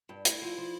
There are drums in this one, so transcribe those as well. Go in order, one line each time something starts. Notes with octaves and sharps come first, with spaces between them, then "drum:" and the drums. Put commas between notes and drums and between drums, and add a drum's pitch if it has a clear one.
G2
A3 E4, drum: hi-hat
F3
F3